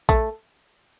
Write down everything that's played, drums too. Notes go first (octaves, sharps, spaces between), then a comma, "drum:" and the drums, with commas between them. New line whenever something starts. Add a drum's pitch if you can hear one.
A3, drum: kick A#1